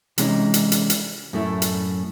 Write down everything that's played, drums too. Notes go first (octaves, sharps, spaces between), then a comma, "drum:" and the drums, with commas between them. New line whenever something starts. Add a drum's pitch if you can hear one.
C3 E3 G#3 C#4 D#4, drum: hi-hat
drum: hi-hat
drum: hi-hat
drum: hi-hat
F#2 A2 A3 E4
drum: hi-hat